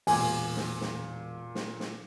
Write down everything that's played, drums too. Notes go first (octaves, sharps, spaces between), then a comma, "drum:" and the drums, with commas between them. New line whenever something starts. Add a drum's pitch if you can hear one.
E1 A#2 A#3 G#5 D6, drum: open hi-hat
drum: snare
drum: snare
drum: snare
drum: snare